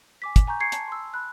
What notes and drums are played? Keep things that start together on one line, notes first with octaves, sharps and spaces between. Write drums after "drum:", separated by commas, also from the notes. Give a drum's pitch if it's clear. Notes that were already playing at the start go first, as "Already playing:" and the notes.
G#5 D6 B6
drum: kick, hi-hat
G#5 A#5 C#6 G6
C#6 G#6 C7 C#7
A5, drum: hi-hat
C6 E6
B5 F#6